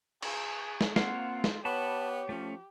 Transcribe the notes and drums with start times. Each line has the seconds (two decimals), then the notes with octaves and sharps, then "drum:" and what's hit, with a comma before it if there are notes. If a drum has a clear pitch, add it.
0.22 G#4, drum: cymbal
0.81 drum: snare
0.96 A#3 C4 F4 F5 F#5, drum: snare
1.44 drum: snare
1.65 B3 G4 C#5 A5 B5
2.29 F3 A3 C#4